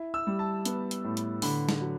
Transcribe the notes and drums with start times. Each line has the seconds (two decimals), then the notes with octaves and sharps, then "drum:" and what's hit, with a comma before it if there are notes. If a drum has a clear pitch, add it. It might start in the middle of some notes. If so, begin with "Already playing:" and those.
Already playing: E4
0.14 E6
0.27 G3
0.39 A5
0.65 B3, drum: hi-hat
0.91 drum: hi-hat
1.04 A2
1.17 drum: hi-hat
1.42 D3 B5, drum: open hi-hat
1.69 drum: snare
1.82 F#3